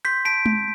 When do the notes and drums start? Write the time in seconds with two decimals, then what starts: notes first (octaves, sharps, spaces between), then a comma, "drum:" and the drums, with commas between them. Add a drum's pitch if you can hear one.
0.05 C6 G6 B6
0.25 A5 B6 D7
0.46 drum: tom G#3